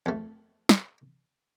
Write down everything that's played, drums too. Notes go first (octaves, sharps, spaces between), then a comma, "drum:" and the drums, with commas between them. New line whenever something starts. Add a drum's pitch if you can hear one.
F2 A3
drum: snare